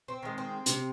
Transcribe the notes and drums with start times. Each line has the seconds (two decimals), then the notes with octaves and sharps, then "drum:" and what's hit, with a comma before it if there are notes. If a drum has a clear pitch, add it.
0.08 C4
0.23 D#3 G#3
0.38 C4
0.66 C3, drum: hi-hat